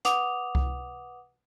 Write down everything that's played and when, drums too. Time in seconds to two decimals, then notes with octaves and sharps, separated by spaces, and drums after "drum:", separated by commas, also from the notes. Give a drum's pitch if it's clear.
0.05 B4 F#5 D6 D#6 F7, drum: hi-hat
0.55 drum: kick C2